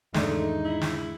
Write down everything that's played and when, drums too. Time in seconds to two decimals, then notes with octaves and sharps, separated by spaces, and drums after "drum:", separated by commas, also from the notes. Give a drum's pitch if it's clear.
0.14 E2 G#2 D#3 G#3 A3 D4 D#4 D5, drum: snare
0.65 E4
0.81 drum: snare